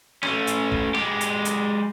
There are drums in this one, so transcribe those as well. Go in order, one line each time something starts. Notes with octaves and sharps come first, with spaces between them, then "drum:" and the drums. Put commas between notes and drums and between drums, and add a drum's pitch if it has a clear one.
A3 C#4, drum: rim click
drum: hi-hat
drum: kick
G#3 G4, drum: rim click
drum: hi-hat
drum: hi-hat